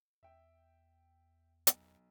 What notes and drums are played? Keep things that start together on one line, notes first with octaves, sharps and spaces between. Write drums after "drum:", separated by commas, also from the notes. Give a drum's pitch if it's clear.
E2 E5 G5
B1, drum: hi-hat